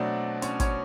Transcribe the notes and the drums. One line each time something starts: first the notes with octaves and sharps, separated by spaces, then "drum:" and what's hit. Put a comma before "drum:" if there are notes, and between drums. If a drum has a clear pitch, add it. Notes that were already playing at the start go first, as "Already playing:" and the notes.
Already playing: B2 F#3 A3 C4 D4 D5
C#4 C#5, drum: hi-hat
C#4 C#5, drum: kick, hi-hat